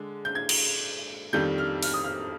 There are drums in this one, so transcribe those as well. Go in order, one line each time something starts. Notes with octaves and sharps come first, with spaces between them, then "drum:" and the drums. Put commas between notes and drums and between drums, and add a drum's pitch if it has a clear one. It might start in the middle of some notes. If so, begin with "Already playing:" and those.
Already playing: D3 G#3
G6
G#6
drum: cymbal
F2 D#3 G3 G6
F6
F6, drum: open hi-hat
D#6
F6